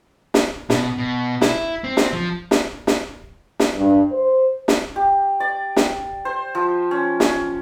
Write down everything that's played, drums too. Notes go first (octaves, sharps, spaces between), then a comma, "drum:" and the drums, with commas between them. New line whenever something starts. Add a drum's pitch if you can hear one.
drum: snare
B2, drum: snare
B2
E4, drum: snare
C4
drum: snare
F3
drum: snare
drum: snare
drum: snare
G2
C5
drum: snare
G4
D5
drum: snare
C5
F3
C#4
C#4, drum: snare